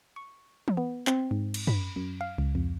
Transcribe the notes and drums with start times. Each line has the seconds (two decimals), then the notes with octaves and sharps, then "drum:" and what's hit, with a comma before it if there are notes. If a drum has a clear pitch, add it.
0.16 C#6
0.68 drum: tom E3
0.77 B3
1.07 C4, drum: clap
1.31 G#2
1.54 drum: cymbal
1.67 B5, drum: tom F#2
1.96 F#2
2.21 F5
2.38 C#2
2.55 F2